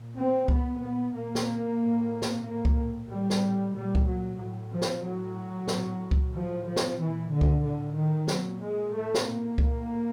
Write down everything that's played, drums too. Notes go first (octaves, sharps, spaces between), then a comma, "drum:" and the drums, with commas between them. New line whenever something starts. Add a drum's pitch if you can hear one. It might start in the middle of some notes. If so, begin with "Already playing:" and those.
Already playing: A#2
C4
A#2 B3, drum: kick C#2
B3
A#2 A#3
drum: snare
A2
drum: snare
A2 A#3
drum: kick C#2
A2 G3
drum: snare
A#2 G3
drum: kick C#2
F#3
A2
F3
drum: snare
A2 F#3
A2, drum: snare
drum: kick C#2
A2 F3
F3
drum: snare
A#2 E3
D3
drum: kick C#2
A2 D3
D#3
A#2 F#3, drum: snare
G#3
A2 A3
drum: snare
A#3
A2, drum: kick C#2